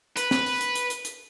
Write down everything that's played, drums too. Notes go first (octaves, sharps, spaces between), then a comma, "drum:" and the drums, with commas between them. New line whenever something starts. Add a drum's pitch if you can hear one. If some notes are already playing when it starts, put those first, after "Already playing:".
B4, drum: hi-hat
drum: snare
drum: open hi-hat
drum: hi-hat
drum: hi-hat
drum: hi-hat
drum: hi-hat